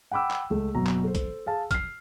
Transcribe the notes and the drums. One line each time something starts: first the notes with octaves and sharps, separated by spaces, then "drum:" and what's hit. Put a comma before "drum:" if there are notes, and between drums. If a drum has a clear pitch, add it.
F#5 G5 B5 D6 E6
drum: clap
C#2 A3
F#1 F#2 B2 A#5
drum: clap
A4 C5
drum: kick, hi-hat
G#4 F5 A5
F6 C7, drum: kick, hi-hat